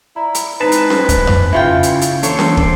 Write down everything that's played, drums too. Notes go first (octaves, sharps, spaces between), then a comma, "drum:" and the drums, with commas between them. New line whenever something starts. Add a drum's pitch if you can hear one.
E4 D5 A#5 B5
drum: hi-hat
G#3 C4 D#4 B4 A5 A#5
drum: hi-hat
drum: snare C#4
drum: kick, hi-hat
drum: tom F2
C#3 E4 F4 G5
drum: hi-hat
drum: hi-hat
E3 A#3 D4 A4 C5 C#5, drum: hi-hat
drum: snare C#4
drum: kick